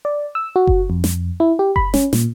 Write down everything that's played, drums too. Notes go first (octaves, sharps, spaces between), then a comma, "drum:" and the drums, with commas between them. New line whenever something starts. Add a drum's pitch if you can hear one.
D5
E6
F#4
drum: kick F#1
F2
drum: snare
E4
G4
B5, drum: kick F#1
C#4, drum: snare
A#2, drum: snare